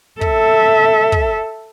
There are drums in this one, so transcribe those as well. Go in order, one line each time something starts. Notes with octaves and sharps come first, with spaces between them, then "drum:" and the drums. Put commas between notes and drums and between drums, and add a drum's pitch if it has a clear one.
A4 E5, drum: kick
drum: kick